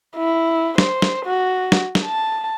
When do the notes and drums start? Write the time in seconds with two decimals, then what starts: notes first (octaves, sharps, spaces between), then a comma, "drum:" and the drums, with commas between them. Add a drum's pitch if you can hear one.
0.16 E4
0.78 C5, drum: snare
1.02 drum: snare
1.26 F#4
1.72 drum: snare
1.95 drum: snare
2.05 A5